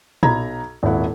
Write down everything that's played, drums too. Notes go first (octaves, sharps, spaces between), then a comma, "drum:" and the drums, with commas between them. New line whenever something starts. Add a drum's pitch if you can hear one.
B1 A#5 B5 G#6, drum: tom A#2
D#1 G#1 E4 F#5